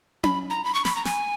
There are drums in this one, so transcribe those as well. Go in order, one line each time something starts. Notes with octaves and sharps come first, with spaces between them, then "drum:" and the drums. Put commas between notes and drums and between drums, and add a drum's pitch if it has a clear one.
B5, drum: tom C#4
A#5
B5
C#6
B5, drum: snare
A#5
G#5, drum: snare